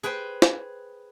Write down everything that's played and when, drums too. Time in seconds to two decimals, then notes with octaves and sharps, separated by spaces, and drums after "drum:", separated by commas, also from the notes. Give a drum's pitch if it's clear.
0.03 G#4 B4 C5 G5
0.42 drum: snare